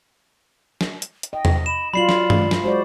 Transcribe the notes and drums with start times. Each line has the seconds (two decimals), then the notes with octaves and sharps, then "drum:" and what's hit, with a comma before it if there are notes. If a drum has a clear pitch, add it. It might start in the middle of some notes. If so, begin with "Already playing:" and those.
0.81 drum: snare
1.02 drum: hi-hat
1.23 drum: hi-hat
1.33 D#5 G5
1.45 drum: tom E2
1.66 B5 E7
1.94 F#3 F4 D5 B5 C7 F#7
2.09 drum: snare
2.30 drum: tom
2.51 drum: snare
2.63 G#3 F#4 C5 D5